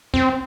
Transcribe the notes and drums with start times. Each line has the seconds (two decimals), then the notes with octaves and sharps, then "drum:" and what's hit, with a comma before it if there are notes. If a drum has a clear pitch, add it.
0.14 C4, drum: kick